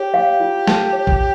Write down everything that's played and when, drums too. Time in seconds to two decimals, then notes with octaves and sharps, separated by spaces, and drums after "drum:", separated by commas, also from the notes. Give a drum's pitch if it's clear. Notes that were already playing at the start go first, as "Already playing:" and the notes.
Already playing: G4 C#5
0.14 F5
0.40 F4
0.67 A5, drum: snare
0.93 C#5
1.07 drum: kick